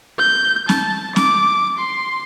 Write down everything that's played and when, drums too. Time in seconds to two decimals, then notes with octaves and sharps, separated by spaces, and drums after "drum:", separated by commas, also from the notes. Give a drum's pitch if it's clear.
0.19 G6
0.69 A5, drum: snare
1.16 D6, drum: snare
1.79 C6